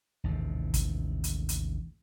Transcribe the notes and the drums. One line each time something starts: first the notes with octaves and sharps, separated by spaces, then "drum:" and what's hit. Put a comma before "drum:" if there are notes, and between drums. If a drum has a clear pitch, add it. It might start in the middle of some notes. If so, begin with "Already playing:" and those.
A1 D#2 G#2 C3
drum: kick, hi-hat
drum: hi-hat
drum: hi-hat